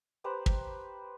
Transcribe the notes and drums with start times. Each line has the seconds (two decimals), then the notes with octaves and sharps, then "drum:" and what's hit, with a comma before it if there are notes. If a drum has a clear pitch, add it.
0.24 G4 B4 C5 A#5
0.46 drum: kick